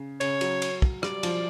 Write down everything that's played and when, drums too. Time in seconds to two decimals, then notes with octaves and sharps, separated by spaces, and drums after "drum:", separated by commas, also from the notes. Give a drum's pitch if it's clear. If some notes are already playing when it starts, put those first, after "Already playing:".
Already playing: C#3
0.21 C#3 C#5, drum: cymbal
0.41 F#3, drum: cymbal
0.62 drum: cymbal
0.82 drum: kick
1.03 G3 D5, drum: rim click
1.23 F3, drum: cymbal